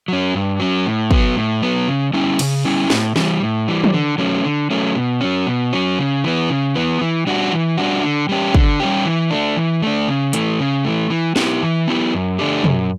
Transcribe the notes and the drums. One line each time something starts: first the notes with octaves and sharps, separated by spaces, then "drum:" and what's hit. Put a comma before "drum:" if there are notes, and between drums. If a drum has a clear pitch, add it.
F#3 C#4
G2
F#3 C#4
A2
F#3 B3, drum: kick
A2
F#3 B3
C#3
G3 C#4 E4
C#3, drum: cymbal
G3 C#4 E4
A2, drum: snare
E3 G3, drum: snare
A2
E3 G3
drum: tom
D3
F#3 A3 C#4
D3
F#3 A3 C#4
B2
F#3 C#4
B2
F#3 C#4
C#3
E3 B3
C#3
E3 B3
E3
G3 D4 F#4
E3
G3 D4 F#4
D3
G3 C#4 G4
D3, drum: kick
G3 C#4 G4
E3
A3 D4
E3
A3 D4
C#3
E3 A3, drum: hi-hat
C#3
E3 A3
E3
B3 E4 G4, drum: snare
E3
B3 E4 G4
F#2
D3 A3 D4 G4
F#2, drum: tom